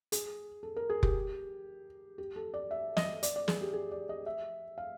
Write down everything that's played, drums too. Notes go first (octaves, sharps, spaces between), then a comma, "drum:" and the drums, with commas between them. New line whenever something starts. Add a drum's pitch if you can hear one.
G#4, drum: hi-hat
A4
A#4
G#4
G4, drum: kick F1
G4
A4
D5
E5
D#5, drum: snare
D5, drum: hi-hat
D5
G#4, drum: snare
G4
G#4
D5
D#5
E5
F5